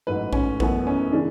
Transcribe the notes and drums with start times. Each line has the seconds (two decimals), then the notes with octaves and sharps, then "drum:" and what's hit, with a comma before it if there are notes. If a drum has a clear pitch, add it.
0.07 A1 G#2 F#3 A3 B4
0.33 C#4, drum: kick A#1
0.60 F#2 E3 A3 B3, drum: kick A#1
0.87 C#4
1.12 C#3 E3 G#3 D4